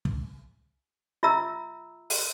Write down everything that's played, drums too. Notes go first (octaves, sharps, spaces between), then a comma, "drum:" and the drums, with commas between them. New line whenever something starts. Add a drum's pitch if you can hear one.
drum: kick
F4 E5 A#5 E6
drum: open hi-hat